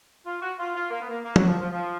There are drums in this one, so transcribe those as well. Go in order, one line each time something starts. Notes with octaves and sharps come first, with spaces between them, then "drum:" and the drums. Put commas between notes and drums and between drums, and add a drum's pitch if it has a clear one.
F4
F#4
F4
F4
A#3
B3
A#3
A#3
F#3, drum: tom
F3
F3
F3